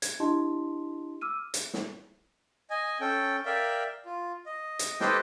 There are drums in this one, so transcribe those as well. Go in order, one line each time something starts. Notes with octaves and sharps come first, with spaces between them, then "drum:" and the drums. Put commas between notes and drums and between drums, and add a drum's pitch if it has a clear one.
G#6, drum: hi-hat
D4 E4 G4 D#5 A5 C6
D6 E6 F6 D#7
drum: hi-hat
drum: snare
D#5 G#5
C#4 A4 G5
A#4 D5 E5 F5 G5
F4
D#5
drum: hi-hat
G4 A4 B4 C5 D#5 G5, drum: snare